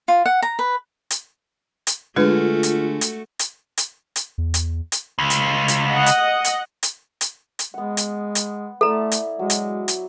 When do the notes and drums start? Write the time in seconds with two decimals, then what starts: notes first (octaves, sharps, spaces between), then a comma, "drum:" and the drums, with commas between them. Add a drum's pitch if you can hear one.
0.08 F4
0.26 F#5
0.42 A#5
0.59 B4
1.11 drum: hi-hat
1.87 drum: hi-hat
2.16 D3 G#3 A3 D4 F4 F#4 G#4 B4
2.63 drum: hi-hat
3.01 drum: hi-hat
3.39 drum: hi-hat
3.78 drum: hi-hat
4.16 drum: hi-hat
4.38 E2
4.54 drum: hi-hat
4.92 drum: hi-hat
5.19 C#2
5.30 drum: hi-hat
5.68 drum: hi-hat
5.87 D#5 F#5
6.06 drum: hi-hat
6.45 drum: hi-hat
6.83 drum: hi-hat
7.21 drum: hi-hat
7.59 drum: hi-hat
7.74 G#3 B3 F#5
7.97 drum: hi-hat
8.35 drum: hi-hat
8.81 A3 E4 A4 D5 A#5
9.12 drum: hi-hat
9.39 F#3 G#3
9.50 drum: hi-hat
9.88 drum: hi-hat